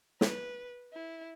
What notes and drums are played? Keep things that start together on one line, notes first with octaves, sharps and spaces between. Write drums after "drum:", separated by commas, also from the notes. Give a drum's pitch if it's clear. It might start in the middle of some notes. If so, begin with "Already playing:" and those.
B4, drum: snare
E4